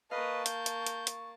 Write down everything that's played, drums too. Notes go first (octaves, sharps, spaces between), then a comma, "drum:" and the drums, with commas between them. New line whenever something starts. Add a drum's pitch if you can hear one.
A#3 B4 D#5 F5 A5 C#6
G6, drum: hi-hat
drum: hi-hat
drum: hi-hat
drum: hi-hat